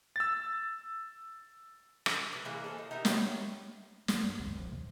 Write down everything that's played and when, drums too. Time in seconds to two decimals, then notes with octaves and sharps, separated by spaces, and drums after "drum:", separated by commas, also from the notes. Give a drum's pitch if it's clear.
0.16 E6 A6
2.06 drum: rim click
2.33 B4
2.45 E3 G#3 A#3 G#4
2.64 A4 B4 C5
2.78 D#4
2.91 D#4 G4 A#4 E5
3.05 F#4 G4 B4 C#5, drum: snare
4.08 G3, drum: snare
4.24 G2
4.39 C#2 F#2 D#3 C4
4.56 D1 A#1 F2 F3
4.71 D#2 G#2 C3 E3